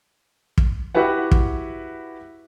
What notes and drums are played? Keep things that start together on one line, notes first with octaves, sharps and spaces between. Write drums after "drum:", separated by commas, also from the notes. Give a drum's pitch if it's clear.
drum: kick
E4 F#4 G4 B4 F#5
drum: kick